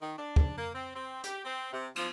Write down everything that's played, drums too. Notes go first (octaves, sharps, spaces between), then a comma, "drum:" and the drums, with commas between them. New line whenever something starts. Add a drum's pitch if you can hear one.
D#3
D4
drum: kick
A#3
C4
C4
G4, drum: hi-hat
C4
C3
F3, drum: cymbal